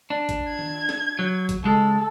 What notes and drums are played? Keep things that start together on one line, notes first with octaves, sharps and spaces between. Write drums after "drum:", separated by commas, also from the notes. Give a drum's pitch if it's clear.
D4
drum: kick, hi-hat
G#6
drum: tom D#3
drum: snare
F#3
drum: kick, hi-hat
C#2 G#3 A4